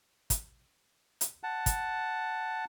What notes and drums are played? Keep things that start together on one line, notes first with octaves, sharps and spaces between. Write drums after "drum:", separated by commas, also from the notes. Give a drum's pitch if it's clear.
drum: kick, hi-hat
drum: hi-hat
F#5 A5
drum: kick, hi-hat